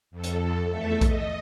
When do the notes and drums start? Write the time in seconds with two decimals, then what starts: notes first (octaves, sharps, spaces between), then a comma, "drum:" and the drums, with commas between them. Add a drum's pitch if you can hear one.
0.11 F2 A4
0.24 drum: hi-hat
0.70 E2 A3 A4 E5
1.01 D#5, drum: kick A#1, hi-hat